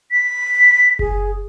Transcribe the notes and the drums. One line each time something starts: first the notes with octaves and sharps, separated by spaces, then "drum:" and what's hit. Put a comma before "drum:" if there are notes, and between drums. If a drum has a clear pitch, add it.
B6
G#4, drum: kick F#1